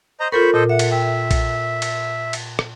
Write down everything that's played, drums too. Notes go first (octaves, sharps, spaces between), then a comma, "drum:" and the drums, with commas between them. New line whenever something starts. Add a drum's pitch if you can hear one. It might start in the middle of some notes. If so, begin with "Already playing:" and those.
C5 D#5 A#5
F4 A4 A#4 C5 B5 C#6
A#2 A4 C5 D#5
E5 F#5
drum: cymbal
E5 G5
drum: kick A#1, cymbal
drum: cymbal
drum: cymbal
drum: rim click